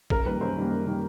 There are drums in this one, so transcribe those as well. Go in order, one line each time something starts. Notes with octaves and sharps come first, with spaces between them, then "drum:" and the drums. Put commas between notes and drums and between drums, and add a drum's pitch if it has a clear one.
F#2 A#4, drum: kick
D#3 G3 A#3 B4
F#2 C5
D#3 G3 A#3
F#2
D#3 G3 A#3